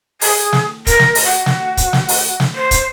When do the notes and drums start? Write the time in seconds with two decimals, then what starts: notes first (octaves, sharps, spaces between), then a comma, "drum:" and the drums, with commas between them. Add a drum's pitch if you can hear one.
0.21 G#4, drum: open hi-hat
0.53 drum: snare
0.87 A#4, drum: kick, hi-hat
0.99 drum: snare
1.15 drum: open hi-hat
1.24 F#4
1.46 drum: snare
1.77 drum: kick, hi-hat
1.93 drum: snare
2.09 drum: open hi-hat
2.40 drum: snare
2.55 C5
2.71 drum: kick, hi-hat